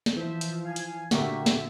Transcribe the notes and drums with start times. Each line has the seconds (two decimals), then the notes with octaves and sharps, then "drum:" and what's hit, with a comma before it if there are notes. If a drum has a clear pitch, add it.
0.06 drum: snare
0.16 E3 F3 C5 E5
0.41 drum: hi-hat
0.66 F5 G#5
0.76 drum: hi-hat
1.11 A#2 D3 A3 F#4 G4 A#4 E5, drum: snare
1.46 drum: snare